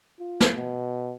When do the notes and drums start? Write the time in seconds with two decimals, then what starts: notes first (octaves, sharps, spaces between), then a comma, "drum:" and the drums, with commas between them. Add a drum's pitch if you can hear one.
0.19 F4
0.40 drum: snare
0.57 B2